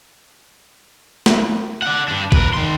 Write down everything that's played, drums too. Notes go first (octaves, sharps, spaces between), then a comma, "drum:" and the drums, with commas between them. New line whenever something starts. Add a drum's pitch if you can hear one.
drum: snare
D5 F#5
G2 D4
A#4 B4, drum: kick
D#3 C6